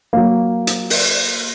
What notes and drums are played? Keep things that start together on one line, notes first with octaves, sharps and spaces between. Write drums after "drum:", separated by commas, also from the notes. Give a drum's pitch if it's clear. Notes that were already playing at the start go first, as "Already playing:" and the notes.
F#3 A#3
drum: hi-hat
drum: open hi-hat